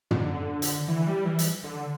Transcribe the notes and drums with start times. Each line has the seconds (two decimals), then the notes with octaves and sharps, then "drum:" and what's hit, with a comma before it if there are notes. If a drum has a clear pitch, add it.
0.11 D3, drum: tom
0.62 drum: hi-hat
0.88 E3
1.07 G3
1.25 E3
1.39 drum: hi-hat
1.64 D3